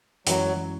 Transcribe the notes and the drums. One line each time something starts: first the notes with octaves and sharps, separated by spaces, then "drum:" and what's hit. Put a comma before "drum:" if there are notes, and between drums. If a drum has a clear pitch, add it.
F#2 E3 F#3 G#3 C#4 E4, drum: hi-hat